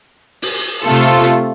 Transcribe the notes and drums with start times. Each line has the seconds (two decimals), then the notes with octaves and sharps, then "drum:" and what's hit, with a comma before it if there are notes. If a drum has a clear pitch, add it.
0.42 drum: open hi-hat
0.82 C3 A3 F4 A4
1.23 drum: hi-hat